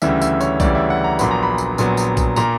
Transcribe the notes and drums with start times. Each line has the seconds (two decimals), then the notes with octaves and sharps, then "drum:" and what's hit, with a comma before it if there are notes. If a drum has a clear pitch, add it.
0.02 D2 C#3 E3 G3 E5, drum: tambourine
0.22 E5, drum: tambourine
0.41 C#5, drum: tambourine
0.60 D2 C#3 E3 G3 D5, drum: kick B1, tambourine
0.75 E5
0.90 F#5
1.04 A#5
1.19 A#1 A#2 F#3 B3 B5, drum: tambourine
1.31 A#5
1.43 B5
1.58 drum: tambourine
1.78 A#1 A#2 F#3 B3, drum: tambourine
1.97 drum: tambourine
2.17 drum: kick B1, tambourine
2.36 A#2 A#3 A#5, drum: tambourine